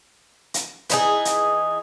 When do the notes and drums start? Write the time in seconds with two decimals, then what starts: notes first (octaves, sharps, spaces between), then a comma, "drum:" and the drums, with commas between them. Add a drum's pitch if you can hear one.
0.54 drum: hi-hat
0.90 E3 D#4 G#4, drum: hi-hat
1.25 drum: hi-hat